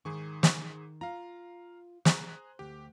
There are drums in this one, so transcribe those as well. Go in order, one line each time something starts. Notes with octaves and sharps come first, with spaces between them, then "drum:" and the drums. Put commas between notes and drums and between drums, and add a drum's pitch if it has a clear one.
G#2 D#3 G#4 C#6
drum: snare
F4 F5 A#5
G#4 C5 A#5 F#6, drum: snare
D2 G4